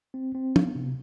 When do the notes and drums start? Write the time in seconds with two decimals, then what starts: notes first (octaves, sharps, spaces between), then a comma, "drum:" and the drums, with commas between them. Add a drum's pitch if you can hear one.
0.14 C4
0.35 C4
0.56 B3, drum: tom
0.76 C3